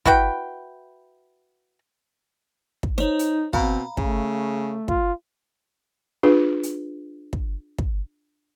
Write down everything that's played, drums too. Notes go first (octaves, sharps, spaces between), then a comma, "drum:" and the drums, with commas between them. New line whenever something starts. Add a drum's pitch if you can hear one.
E4 F#4 B4 G5, drum: kick
drum: kick
D#4 C5 C#5, drum: snare
drum: hi-hat
B2 C4 F5 A#5 B5, drum: kick
C#3 A3, drum: kick
F4, drum: kick
D4 F4 G#4 B4
drum: hi-hat
drum: kick
drum: kick